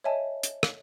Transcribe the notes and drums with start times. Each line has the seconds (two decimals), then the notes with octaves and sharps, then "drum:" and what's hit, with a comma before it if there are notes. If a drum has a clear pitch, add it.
0.04 C#5 D#5 E5 G#5 A5
0.43 drum: hi-hat
0.63 drum: rim click